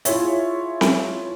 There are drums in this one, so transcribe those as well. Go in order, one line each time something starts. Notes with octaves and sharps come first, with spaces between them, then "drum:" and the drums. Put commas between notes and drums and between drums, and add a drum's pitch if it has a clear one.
E4 F4 G#4 C#5 E5, drum: hi-hat
drum: snare C4